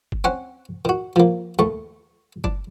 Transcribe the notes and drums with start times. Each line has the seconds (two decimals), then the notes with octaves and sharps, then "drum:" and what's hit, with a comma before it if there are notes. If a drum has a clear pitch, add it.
0.12 drum: kick F#1
0.24 C4 C#4 F#5
0.85 D#3 F#4
1.16 F3 A#3
1.59 D#2 A3 C#6
2.44 D4, drum: kick F#1